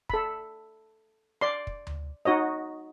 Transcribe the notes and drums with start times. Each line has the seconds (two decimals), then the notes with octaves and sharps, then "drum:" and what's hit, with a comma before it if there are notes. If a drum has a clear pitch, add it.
0.10 A4 B5, drum: kick
1.41 D5 C6
1.67 drum: kick
1.87 drum: tom D2
2.25 D#4 F#4 C#5 D#5